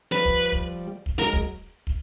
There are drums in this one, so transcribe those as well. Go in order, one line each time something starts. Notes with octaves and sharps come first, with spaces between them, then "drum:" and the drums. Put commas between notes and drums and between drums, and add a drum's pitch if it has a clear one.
F3 G3 B4
drum: kick
drum: kick
drum: kick
F#3 G#3 A#4
drum: kick
drum: kick